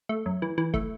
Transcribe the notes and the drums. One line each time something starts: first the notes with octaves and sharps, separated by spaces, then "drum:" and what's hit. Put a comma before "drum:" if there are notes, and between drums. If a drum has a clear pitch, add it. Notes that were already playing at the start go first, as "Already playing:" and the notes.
A3
F#2
E3
E3
A3, drum: kick